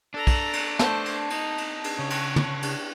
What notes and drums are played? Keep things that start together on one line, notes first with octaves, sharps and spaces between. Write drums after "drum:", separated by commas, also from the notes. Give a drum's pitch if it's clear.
D4 A4 A#5
drum: kick, cymbal
drum: cymbal
A3 C5 A5, drum: snare
drum: cymbal
D#4, drum: cymbal
drum: cymbal
drum: cymbal
C#3 C#5
drum: cymbal
drum: tom
drum: cymbal